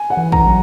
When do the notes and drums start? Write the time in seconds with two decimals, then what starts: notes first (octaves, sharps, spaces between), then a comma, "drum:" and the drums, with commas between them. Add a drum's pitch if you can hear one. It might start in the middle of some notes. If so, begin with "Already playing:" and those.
Already playing: G#5
0.10 F#5
0.17 E3
0.32 A#5, drum: kick
0.47 F#3